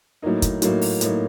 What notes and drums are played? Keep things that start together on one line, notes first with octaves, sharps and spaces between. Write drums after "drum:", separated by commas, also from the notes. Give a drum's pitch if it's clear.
A2 F#3 A#3 D#4
drum: kick, hi-hat
A2 F#3 A#3 D#4, drum: hi-hat
drum: open hi-hat
A2 F#3 A#3 D#4, drum: hi-hat